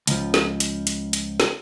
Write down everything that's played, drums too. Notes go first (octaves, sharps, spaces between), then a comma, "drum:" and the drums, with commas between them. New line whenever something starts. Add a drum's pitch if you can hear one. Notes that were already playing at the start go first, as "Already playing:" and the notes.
C#2 F3, drum: hi-hat
drum: snare
drum: hi-hat
drum: hi-hat
drum: hi-hat
drum: snare